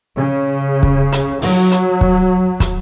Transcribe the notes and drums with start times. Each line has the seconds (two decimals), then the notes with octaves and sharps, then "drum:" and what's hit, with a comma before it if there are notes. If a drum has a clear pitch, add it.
0.16 C#3
0.83 drum: kick
1.12 drum: hi-hat
1.42 F#3, drum: open hi-hat
1.71 drum: hi-hat
2.01 drum: kick
2.60 drum: kick, hi-hat